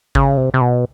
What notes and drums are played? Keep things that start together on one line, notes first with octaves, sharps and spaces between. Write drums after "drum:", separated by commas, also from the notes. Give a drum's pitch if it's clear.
C#3, drum: kick G#1
C3
C3
B2